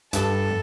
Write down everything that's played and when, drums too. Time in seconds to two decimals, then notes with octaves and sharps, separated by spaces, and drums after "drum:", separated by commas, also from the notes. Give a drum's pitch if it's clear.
0.13 G2 A4, drum: hi-hat